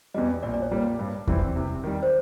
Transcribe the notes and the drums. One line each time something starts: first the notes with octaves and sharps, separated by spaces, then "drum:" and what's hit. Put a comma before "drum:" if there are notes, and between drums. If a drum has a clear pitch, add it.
E2 B2 G3 D#5
A#1 D5
D5
C#5
A#2 G3 A#3
G2
E3 G3 C4 E4, drum: kick E2
C3
D#3 G3
C5